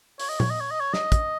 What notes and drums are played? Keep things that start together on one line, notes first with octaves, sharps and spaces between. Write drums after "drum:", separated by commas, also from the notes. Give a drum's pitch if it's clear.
C#5, drum: open hi-hat
D#5
C#5, drum: tom A#2
D#5
C#5
D#5
C#5
D#5, drum: snare
drum: kick, hi-hat